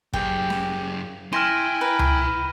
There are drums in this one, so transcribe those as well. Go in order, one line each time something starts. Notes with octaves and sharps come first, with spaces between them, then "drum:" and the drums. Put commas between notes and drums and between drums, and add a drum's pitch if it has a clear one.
F#2 G4 G#4 G5, drum: kick
drum: snare
E4 G5 G#5 C6 F6 A#6 D#7
B4 A#5
drum: tom C#2